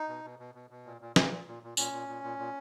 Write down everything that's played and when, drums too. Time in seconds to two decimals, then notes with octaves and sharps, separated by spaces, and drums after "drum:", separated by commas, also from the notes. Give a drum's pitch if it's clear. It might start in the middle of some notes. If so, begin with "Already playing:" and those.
Already playing: D#4
0.09 B2
0.25 B2
0.39 B2
0.55 B2
0.70 B2
0.86 A#2
1.01 A#2
1.16 A#2, drum: snare
1.31 A#2
1.48 A#2
1.63 A#2
1.77 A#2 C#4, drum: tambourine
1.92 A#2
2.08 A#2
2.24 A#2
2.39 A#2